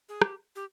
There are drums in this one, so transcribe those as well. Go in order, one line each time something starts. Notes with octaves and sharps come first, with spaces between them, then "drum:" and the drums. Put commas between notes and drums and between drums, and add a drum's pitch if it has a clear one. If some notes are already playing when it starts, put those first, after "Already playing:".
G#4
G4, drum: rim click
G4